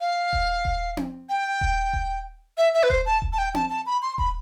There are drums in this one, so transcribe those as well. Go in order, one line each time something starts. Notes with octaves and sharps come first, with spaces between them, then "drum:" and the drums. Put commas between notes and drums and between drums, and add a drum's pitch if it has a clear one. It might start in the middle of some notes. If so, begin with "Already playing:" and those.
F5
drum: kick D#1
drum: kick D#1
drum: tom C4
G5
drum: kick D#1
drum: kick D#1
E5
E5
B4
C5, drum: kick D#1
A5
drum: kick D#1
A5
G5
A5, drum: tom C4
A5
B5
C6
B5, drum: kick D#1